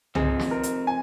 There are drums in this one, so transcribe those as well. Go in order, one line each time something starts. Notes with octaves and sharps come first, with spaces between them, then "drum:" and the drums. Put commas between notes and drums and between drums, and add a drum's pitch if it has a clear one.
C3 F3 C4 D#4 G#4, drum: tom C2
drum: snare
A#4
drum: hi-hat
G#5